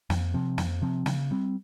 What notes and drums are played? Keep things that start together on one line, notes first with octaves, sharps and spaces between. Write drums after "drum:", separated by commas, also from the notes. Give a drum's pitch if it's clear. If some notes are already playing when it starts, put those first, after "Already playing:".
F2, drum: snare
C3 F3 C4
F2, drum: snare
C3 F3 C4
C#3, drum: snare
G3 C4